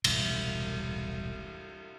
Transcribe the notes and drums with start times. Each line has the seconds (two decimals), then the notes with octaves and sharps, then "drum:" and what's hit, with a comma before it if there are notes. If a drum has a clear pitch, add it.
0.04 E1 C2 A2, drum: cymbal